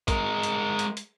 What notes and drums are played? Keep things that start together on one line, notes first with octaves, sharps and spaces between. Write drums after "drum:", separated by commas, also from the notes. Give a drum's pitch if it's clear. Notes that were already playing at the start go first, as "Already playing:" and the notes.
G#3 A#4, drum: kick A1, hi-hat
drum: hi-hat
drum: hi-hat
drum: hi-hat